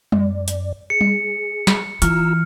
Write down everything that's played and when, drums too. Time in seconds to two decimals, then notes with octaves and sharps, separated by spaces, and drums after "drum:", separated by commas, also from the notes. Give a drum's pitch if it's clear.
0.12 F#2 D5, drum: tom G3
0.48 drum: hi-hat
0.90 G#4 C#7
1.01 drum: tom G3
1.67 drum: snare
2.02 E3 F4 A#5 E6 F6, drum: hi-hat